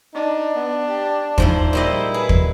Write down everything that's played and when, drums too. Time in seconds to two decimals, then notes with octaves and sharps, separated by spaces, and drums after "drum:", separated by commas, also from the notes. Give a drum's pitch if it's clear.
0.14 D4 D#4
0.55 B3
0.89 G4
1.38 G#2 F3 E4 C5, drum: kick
1.73 A#2 G3 E4 D#5
2.14 G#4 B4
2.29 drum: kick